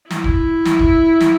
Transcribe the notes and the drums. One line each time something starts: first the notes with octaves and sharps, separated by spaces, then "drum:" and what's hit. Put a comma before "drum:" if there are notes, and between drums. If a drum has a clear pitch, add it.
E4, drum: snare
drum: kick D1
drum: snare
drum: kick D1
drum: snare